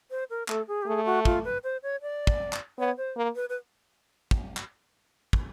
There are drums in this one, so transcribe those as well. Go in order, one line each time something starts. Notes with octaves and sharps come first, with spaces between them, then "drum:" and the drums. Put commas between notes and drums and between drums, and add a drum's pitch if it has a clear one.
C5
A#4
A3 A4, drum: clap
G#4
G4
A3 G#4
F#4
F4, drum: kick
B4
C5
C#5
D5
drum: kick
drum: clap
B3 C#5
C5
A#3
B4
B4
drum: kick
drum: clap
drum: kick